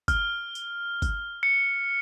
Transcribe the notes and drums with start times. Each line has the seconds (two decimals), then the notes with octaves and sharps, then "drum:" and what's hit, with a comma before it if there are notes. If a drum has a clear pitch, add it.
0.08 F6, drum: kick G1, tambourine
0.55 drum: tambourine
1.02 drum: kick G1, tambourine
1.43 C#7